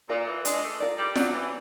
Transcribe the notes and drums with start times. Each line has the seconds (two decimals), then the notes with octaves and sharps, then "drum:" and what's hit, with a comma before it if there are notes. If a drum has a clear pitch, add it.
0.09 A#2 F4 A#4 D5
0.26 E3
0.45 G#3 D4, drum: hi-hat
0.62 A3
0.80 F4 A#4 D5
0.98 G3
1.16 F#3 D4, drum: snare F4
1.33 E3